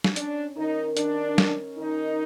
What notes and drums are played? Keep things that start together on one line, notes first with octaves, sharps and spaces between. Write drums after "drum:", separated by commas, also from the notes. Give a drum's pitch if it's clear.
drum: snare
C#4 D4, drum: hi-hat
D#3 D#4
D#3 D4, drum: hi-hat
C#4, drum: snare
D#3 D#4